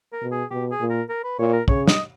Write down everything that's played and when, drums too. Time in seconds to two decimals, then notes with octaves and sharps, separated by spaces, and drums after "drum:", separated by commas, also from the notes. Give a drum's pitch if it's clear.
0.13 A#4
0.22 B2
0.32 G#4
0.51 B2 G4
0.71 G#4
0.80 A#2
0.90 A#4
1.09 A#4
1.24 B4
1.39 A#2 C#5
1.53 A#4
1.68 C#3 C#5, drum: kick
1.88 D#5, drum: snare